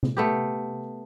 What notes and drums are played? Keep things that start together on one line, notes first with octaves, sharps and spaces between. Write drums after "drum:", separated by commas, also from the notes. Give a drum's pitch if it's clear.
drum: tom C3
A3 B3 G4